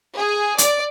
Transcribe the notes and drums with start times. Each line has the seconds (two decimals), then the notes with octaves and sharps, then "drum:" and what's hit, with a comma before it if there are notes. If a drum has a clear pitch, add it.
0.17 G#4
0.58 D5, drum: hi-hat